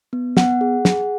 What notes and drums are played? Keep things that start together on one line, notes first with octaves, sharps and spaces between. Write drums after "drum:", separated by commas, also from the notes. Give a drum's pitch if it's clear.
B3
B3 F#5, drum: snare
G#4
G#4, drum: snare